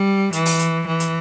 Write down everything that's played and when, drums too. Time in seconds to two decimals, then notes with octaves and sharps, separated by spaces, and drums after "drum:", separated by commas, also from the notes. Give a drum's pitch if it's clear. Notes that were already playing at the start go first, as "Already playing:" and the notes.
Already playing: G3
0.33 E3, drum: hi-hat
0.46 drum: open hi-hat
0.59 drum: hi-hat
0.87 E3
1.00 drum: hi-hat